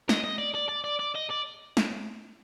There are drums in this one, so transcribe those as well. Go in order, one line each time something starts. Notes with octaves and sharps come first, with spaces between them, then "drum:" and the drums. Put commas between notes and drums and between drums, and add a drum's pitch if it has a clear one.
D#5, drum: snare
D#5
D5
D5
D5
D5
D5
D#5
D5
drum: snare